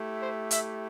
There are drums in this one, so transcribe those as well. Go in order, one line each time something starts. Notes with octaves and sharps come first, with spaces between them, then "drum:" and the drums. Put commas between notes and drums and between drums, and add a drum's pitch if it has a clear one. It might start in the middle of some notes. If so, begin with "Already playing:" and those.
Already playing: A3 E4 G4
C5
E5, drum: hi-hat